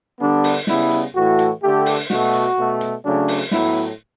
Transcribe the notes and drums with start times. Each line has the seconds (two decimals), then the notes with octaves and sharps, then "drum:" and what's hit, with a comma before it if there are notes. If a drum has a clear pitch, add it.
0.20 D3 G3 B3 D4
0.44 drum: open hi-hat
0.67 C#3 G3 B3 E4, drum: snare
0.91 drum: hi-hat
1.15 A2 E3 A3 F#4
1.39 drum: hi-hat
1.62 D3 A3 G4
1.86 drum: open hi-hat
2.10 B2 A3 F#4, drum: snare
2.33 drum: hi-hat
2.57 B2 A3
2.81 drum: hi-hat
3.04 C#3 F#3 A3 D4
3.28 drum: open hi-hat
3.51 A2 F#3 B3 E4, drum: snare